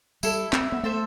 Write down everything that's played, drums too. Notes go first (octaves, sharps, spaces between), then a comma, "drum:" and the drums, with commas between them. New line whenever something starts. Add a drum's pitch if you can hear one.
G3 E4 A4, drum: tambourine
C4 E4, drum: clap
B3
A3 A4 C5 E5